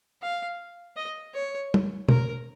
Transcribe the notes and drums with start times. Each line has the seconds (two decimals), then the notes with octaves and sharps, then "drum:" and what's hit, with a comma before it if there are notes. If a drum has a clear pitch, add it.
0.22 F5
0.96 D#5
1.34 C#5
1.74 drum: tom
2.09 A#4, drum: tom